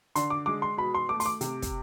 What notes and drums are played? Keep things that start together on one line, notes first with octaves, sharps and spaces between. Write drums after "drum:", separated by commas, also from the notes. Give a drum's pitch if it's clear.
D3 C6, drum: hi-hat
D6
G#3 D6
C6
B2 B5
C6
A3 D6
C6, drum: open hi-hat
D6
C3, drum: hi-hat
drum: kick, hi-hat